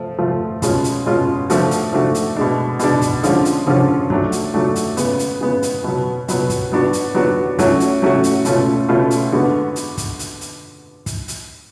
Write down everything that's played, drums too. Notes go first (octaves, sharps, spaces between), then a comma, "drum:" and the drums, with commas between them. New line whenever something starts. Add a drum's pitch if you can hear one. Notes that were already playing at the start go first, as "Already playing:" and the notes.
Already playing: F3 A3
F3 A3 F4
B2 G#3 C#4 F4, drum: kick, hi-hat
drum: hi-hat
B2 G#3 C#4 F4
F3 A3 D4 F#4, drum: hi-hat
drum: hi-hat
F3 A3 D4 F#4
drum: hi-hat
B2 G#3 D4
B2 G#3 D4, drum: hi-hat
drum: kick, hi-hat
D3 F3 G#3 C#4 F4, drum: hi-hat
drum: hi-hat
D3 F3 G#3 C#4 F4
F#3 A3 D4 F#4, drum: kick
drum: hi-hat
F#3 A3 D4 F#4
drum: hi-hat
C#3 G#3 B3, drum: hi-hat
drum: hi-hat
C#3 G#3 B3
drum: hi-hat
B2 F#3 B3
B2 F#3 B3, drum: hi-hat
drum: kick, hi-hat
F#3 B3 D4 F#4
drum: hi-hat
F#3 B3 D4 F#4
F#3 A3 C#4 F#4, drum: kick, hi-hat
drum: hi-hat
F#3 A3 C#4 F#4
drum: hi-hat
B2 A3 C#4 F4, drum: hi-hat
B2 A3 C#4 F4
drum: hi-hat
D3 G#3 B3 F#4
drum: hi-hat
drum: kick, hi-hat
drum: hi-hat
drum: hi-hat
drum: kick, hi-hat
drum: hi-hat